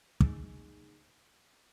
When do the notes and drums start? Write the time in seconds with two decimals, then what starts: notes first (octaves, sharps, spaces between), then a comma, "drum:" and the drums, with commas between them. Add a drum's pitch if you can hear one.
0.20 A#3 D#4 G#4, drum: kick